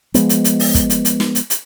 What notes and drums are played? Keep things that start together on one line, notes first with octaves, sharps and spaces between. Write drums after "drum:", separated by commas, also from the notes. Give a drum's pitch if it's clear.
F3 G#3 B3, drum: hi-hat
drum: hi-hat
drum: hi-hat
drum: open hi-hat
drum: kick, hi-hat
drum: hi-hat
drum: hi-hat
drum: snare
drum: hi-hat
drum: hi-hat